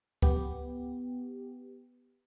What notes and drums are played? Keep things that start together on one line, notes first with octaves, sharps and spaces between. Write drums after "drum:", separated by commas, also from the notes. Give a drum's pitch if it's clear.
B3 G4, drum: kick C#2